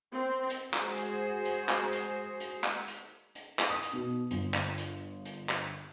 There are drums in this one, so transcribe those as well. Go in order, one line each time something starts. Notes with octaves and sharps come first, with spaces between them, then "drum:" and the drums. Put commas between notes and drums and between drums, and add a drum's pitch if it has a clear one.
C4
drum: hi-hat
G#3 F#4 G#4 C5, drum: clap
drum: hi-hat
drum: hi-hat
drum: clap
drum: hi-hat
drum: hi-hat
drum: clap
drum: hi-hat
drum: hi-hat
drum: clap
D#6
drum: hi-hat
B2
G1, drum: hi-hat
drum: clap
drum: hi-hat
drum: hi-hat
drum: clap